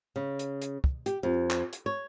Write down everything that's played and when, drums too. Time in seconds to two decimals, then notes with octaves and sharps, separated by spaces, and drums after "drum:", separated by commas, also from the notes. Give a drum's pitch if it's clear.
0.16 C#3
0.39 drum: hi-hat
0.62 drum: hi-hat
0.84 drum: kick
1.06 G4, drum: hi-hat
1.23 F2
1.51 drum: clap
1.73 drum: hi-hat
1.86 C#5